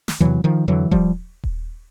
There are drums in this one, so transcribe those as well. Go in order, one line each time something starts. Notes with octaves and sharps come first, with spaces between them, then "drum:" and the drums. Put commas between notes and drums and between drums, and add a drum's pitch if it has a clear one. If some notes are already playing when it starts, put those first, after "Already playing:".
drum: snare
E2 C3 E3 F#3
D#3 F3
F2 D3 E3 F#3
F3 G3, drum: kick D#1
drum: kick D#1